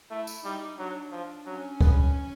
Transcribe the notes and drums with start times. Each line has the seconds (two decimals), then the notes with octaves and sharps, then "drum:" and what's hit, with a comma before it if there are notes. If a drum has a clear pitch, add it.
0.11 A3 E4
0.27 drum: tambourine
0.44 G3 D#4
0.78 F#3 D4
1.12 F3
1.46 F#3 C#4
1.81 B3, drum: kick C#2